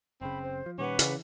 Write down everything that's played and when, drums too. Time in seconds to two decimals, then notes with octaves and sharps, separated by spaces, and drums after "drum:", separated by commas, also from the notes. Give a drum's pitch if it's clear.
0.21 F#1 C#3 C4 B5
0.43 C5
0.66 F3
0.78 A#2 D#3 G3 C#4 B4 F#5 D6
0.99 C#3 E3, drum: hi-hat